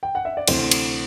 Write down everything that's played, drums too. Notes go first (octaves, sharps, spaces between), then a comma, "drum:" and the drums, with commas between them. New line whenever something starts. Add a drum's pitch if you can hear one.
G5
F#5
E5
D5
D2 C3 E3 C5, drum: cymbal
drum: cymbal